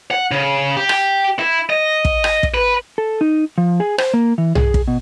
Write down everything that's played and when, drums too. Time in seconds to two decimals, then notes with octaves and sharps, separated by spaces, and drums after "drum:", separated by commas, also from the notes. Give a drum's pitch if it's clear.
0.11 F#5
0.31 C#3
0.77 G4
0.89 drum: rim click
1.39 E4
1.70 D#5
2.05 drum: kick
2.24 drum: rim click
2.43 drum: kick
2.54 B4
2.98 A4
3.21 D#4
3.58 F3
3.80 G#4
3.98 C5, drum: rim click
4.14 A#3
4.38 E3
4.55 G#4, drum: tom
4.74 drum: kick
4.88 B2